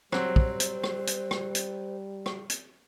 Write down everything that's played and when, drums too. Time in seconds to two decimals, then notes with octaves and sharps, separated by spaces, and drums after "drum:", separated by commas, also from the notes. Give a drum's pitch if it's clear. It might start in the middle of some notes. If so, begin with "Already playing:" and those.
0.12 F#3 G3 C4 C5, drum: rim click
0.36 drum: kick
0.60 drum: hi-hat
0.84 drum: rim click
1.07 drum: hi-hat
1.31 drum: rim click
1.55 drum: hi-hat
2.26 drum: rim click
2.50 drum: hi-hat